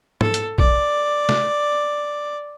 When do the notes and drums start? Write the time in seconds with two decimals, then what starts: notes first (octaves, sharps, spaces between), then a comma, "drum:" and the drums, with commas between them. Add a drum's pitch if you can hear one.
0.21 A4, drum: tom
0.34 drum: hi-hat
0.58 D5, drum: kick A#1
1.29 drum: snare